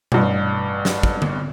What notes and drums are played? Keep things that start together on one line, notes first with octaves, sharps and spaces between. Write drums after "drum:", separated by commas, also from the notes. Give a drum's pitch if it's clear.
A1 G2, drum: tom B2
drum: snare
drum: kick
drum: tom D3